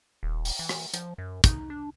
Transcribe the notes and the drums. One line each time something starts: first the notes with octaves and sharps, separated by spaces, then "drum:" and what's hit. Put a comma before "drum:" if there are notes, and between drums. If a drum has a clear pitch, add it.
D#1
drum: open hi-hat
E3
drum: rim click
F3, drum: hi-hat
F#2
D#4, drum: kick, hi-hat
D4